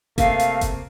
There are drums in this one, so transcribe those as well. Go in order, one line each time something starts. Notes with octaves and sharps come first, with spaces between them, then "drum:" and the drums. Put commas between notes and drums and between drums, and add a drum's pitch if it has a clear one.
C3 A3 A#3 F5, drum: kick F#1, hi-hat
drum: hi-hat
drum: kick F#1, hi-hat